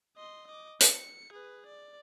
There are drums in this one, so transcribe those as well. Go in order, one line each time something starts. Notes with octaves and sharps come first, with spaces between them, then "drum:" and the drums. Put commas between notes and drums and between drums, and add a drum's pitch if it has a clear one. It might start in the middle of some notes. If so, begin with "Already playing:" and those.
D#5 C6
D#5 D6
C#7, drum: hi-hat
G#4 B4
D5